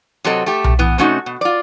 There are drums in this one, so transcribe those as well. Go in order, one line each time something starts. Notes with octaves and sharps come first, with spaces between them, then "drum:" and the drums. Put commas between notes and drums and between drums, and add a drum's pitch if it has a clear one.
C3 F#3 C4 A4 D#5
A3 G4
drum: tom B1
E3 B3
C3 A3 C#4 D#4 F#4
B2
F4 D5